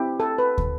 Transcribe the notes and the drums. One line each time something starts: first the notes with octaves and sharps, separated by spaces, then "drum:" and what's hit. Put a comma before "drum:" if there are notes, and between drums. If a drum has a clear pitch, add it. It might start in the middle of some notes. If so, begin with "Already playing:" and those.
Already playing: C4 E4 G4
A4
B4
drum: kick